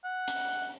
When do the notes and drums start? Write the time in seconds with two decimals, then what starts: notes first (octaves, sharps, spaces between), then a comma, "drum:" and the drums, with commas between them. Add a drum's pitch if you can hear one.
0.04 F#5
0.28 drum: hi-hat